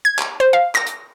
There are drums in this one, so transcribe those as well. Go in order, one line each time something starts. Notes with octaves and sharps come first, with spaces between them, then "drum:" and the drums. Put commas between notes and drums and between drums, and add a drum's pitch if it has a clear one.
G#6
drum: clap
C5
F5
A#6, drum: clap
drum: hi-hat